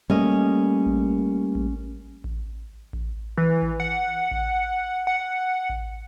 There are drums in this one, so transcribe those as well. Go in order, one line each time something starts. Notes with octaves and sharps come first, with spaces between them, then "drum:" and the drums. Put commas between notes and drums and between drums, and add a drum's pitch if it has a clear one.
G3 A3 A#3 C#4 D#5
drum: kick A1
drum: kick A1
drum: kick A1
drum: kick A1
E3
drum: kick A1
F#5
drum: kick A1
F#5
drum: kick A1